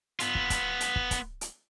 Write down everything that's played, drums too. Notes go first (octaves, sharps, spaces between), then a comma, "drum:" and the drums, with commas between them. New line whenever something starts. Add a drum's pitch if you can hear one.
B3 F4, drum: hi-hat
drum: kick
drum: kick, hi-hat
drum: hi-hat
drum: kick
drum: kick, hi-hat
drum: hi-hat